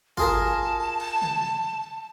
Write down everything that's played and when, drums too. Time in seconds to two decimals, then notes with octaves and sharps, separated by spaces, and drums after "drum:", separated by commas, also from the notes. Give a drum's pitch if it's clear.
0.17 F4 G#4 A#4 A5, drum: kick
1.00 drum: cymbal
1.22 drum: tom